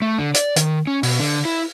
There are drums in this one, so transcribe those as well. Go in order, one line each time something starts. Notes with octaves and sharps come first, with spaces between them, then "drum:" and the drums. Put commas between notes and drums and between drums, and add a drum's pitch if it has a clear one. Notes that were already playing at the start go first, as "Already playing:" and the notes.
A3
D3
D5, drum: hi-hat
D#3, drum: hi-hat
C#4
B2, drum: open hi-hat
D3
E4